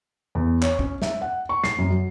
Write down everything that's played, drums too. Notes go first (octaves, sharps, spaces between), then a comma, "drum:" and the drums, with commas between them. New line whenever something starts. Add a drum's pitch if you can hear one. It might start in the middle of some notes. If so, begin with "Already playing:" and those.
E2
C#5, drum: clap
C#4, drum: kick
E5, drum: snare
F#5
C#6
C7, drum: snare
F#2
F#3